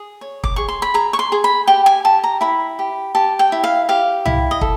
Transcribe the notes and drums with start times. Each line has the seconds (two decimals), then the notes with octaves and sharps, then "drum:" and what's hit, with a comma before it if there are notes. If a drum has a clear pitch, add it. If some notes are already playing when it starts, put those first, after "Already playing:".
Already playing: G#4
0.21 C#5
0.44 D6, drum: kick
0.56 G#4 C#6
0.68 C6
0.82 B5
0.94 G#4 A#5
1.13 C#6
1.19 C6
1.32 G#4
1.44 B5
1.67 G4 G5
1.86 G#5
2.05 G4 A5
2.24 A#5
2.41 E4 B5
2.79 G4
3.15 G4 A5
3.39 G5
3.52 E4
3.64 F5
3.89 G4 F5
4.26 E4, drum: tom C2
4.51 D#5
4.61 A4, drum: kick